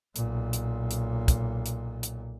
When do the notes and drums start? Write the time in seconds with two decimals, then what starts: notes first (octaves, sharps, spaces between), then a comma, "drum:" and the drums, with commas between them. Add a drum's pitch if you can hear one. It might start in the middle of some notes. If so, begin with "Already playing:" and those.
0.16 B1 A#2, drum: hi-hat
0.53 drum: hi-hat
0.91 drum: hi-hat
1.28 drum: kick, hi-hat
1.66 drum: hi-hat
2.03 drum: hi-hat